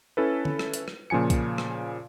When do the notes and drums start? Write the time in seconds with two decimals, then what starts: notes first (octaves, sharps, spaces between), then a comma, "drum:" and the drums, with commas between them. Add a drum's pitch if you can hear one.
0.17 C#4 E4 A4 B4
0.45 drum: tom D3
0.59 drum: rim click
0.74 drum: hi-hat
0.88 drum: rim click
1.10 A#2 C#3 F3 G#5 C#7
1.30 drum: kick B1, hi-hat
1.58 drum: rim click